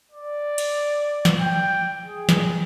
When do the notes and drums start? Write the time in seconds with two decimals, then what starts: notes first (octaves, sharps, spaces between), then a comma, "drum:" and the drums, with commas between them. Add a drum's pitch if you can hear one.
0.11 D5
0.58 drum: cymbal
1.25 drum: snare
1.41 G5
2.06 G#4
2.29 drum: snare